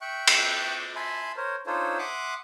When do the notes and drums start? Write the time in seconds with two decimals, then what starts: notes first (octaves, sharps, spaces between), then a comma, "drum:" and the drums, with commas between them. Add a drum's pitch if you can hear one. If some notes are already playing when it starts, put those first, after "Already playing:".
0.01 E5 G5 C#6 F#6
0.28 drum: cymbal
0.96 E5 G#5 A5 B5 C6
1.37 A#4 C5 C#5
1.67 D4 D#4 F4 A4 C5 C#5
1.99 E5 F#5 C6 D6 D#6 F#6